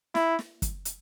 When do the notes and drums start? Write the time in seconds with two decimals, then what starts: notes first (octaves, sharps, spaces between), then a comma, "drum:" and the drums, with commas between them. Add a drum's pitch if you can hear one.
0.15 E4, drum: snare
0.39 drum: snare
0.62 drum: kick, hi-hat
0.85 drum: hi-hat